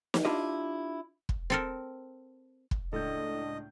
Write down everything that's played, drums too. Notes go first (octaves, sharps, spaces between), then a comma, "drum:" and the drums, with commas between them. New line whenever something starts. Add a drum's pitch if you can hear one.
drum: snare
D4 E4 F4 G4 D#5
drum: kick
C4 A4 A#4
drum: kick
C#2 A2 D4 A4 D#5 G6